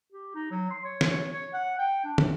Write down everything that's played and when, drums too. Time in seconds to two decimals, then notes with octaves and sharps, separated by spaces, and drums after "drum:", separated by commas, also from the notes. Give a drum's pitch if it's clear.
0.13 G4
0.35 D#4
0.51 F#3
0.71 C6
0.85 C#5
1.01 drum: snare
1.11 C#5
1.34 C#5
1.53 F#5
1.78 G5
2.04 D4
2.18 E3, drum: tom